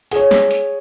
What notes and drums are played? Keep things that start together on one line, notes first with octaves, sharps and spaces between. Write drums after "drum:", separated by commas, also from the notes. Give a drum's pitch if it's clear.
G#4 C#5, drum: hi-hat
drum: snare
drum: hi-hat